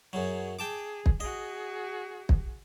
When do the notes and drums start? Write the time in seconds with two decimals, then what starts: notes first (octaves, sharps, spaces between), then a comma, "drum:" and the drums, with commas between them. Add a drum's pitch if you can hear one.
0.13 F#2 F#3 G#4 C#5
0.59 G#4 G5 A5 D6
1.06 drum: kick
1.20 F#4 G#4 D#5
2.29 drum: kick